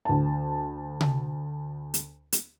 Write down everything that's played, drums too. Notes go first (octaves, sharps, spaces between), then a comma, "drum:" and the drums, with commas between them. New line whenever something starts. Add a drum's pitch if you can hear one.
D2 A5
drum: tom C3
drum: hi-hat
drum: hi-hat